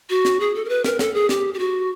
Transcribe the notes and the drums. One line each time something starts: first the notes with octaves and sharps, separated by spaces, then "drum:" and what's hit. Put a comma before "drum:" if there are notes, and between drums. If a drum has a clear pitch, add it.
F#4
drum: snare
G#4
A4
A#4
B4
A#4, drum: snare
A4, drum: snare
G#4
G4, drum: snare
G4
F#4